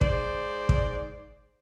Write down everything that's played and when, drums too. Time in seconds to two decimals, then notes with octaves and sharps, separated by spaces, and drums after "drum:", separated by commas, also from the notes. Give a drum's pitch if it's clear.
0.01 G#2 C5 D5, drum: kick
0.69 drum: kick